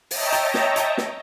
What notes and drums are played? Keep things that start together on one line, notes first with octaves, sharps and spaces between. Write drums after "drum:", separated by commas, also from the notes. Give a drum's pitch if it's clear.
C#5 D#5 E5 G5 A5 A#5, drum: open hi-hat
drum: hi-hat
drum: snare
drum: hi-hat
drum: snare